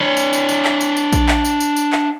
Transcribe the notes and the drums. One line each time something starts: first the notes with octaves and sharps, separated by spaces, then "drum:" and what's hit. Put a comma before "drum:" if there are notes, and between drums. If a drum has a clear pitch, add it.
D4 C#5
drum: tambourine
drum: tambourine
drum: tambourine
drum: clap
drum: tambourine
drum: tambourine
drum: kick A#1, tambourine
drum: clap
drum: tambourine
drum: tambourine
drum: tambourine
drum: clap